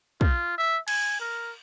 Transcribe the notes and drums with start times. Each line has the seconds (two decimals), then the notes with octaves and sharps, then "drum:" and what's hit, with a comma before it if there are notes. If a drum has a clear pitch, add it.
0.21 F4, drum: kick
0.58 E5
0.88 G#5, drum: cymbal
1.20 A#4